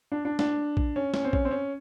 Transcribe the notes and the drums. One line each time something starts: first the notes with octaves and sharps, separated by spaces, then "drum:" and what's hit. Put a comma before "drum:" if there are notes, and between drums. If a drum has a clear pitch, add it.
D4
D4
D4, drum: snare
drum: kick A#1
C#4
C#4, drum: snare
C4
C#4, drum: kick A#1
C4
C#4